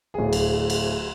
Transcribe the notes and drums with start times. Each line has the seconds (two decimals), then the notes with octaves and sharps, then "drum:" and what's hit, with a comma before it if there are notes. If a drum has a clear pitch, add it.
0.14 D1 G#4
0.33 drum: cymbal
0.70 drum: cymbal